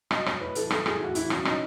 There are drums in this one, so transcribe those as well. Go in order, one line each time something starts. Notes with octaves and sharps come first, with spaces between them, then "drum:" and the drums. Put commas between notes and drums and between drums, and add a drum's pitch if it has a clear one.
B2 D#5, drum: rim click
C#5, drum: rim click
A2 B4
E3 A4, drum: hi-hat
A2 A4, drum: rim click
E3 G#4, drum: rim click
A2 F#4
E3 E4, drum: hi-hat
B2 C#4, drum: rim click
D#4, drum: rim click